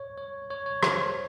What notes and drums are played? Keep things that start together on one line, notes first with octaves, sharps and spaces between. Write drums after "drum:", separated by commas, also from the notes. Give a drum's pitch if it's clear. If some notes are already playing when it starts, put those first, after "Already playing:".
Already playing: C#5
C#5
C#5
C#5
C5, drum: rim click